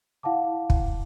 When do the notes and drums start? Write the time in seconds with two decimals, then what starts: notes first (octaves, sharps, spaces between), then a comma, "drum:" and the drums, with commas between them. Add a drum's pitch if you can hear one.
0.23 E4 F5 F#5 A5 D6
0.70 drum: kick